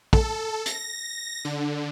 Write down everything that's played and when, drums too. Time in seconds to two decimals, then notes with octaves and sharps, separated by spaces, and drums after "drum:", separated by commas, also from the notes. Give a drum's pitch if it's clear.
0.13 A4, drum: kick
0.66 A#6, drum: hi-hat
1.45 D3